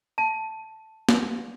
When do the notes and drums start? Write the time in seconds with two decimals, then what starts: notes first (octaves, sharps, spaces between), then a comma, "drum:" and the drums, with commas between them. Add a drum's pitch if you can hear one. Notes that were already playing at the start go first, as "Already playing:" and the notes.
0.18 A5
1.09 drum: snare